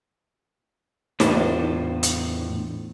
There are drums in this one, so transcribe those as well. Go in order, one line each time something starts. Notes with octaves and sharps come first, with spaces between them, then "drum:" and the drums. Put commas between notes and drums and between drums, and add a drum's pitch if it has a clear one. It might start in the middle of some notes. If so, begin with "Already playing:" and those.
E2 A2 D4 F4 C5, drum: snare D#4
drum: hi-hat